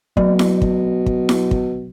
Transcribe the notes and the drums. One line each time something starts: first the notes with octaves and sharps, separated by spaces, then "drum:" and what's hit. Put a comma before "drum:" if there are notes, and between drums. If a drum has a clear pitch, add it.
B2 F#3, drum: kick
drum: snare E4
drum: kick
drum: kick
drum: snare E4
drum: kick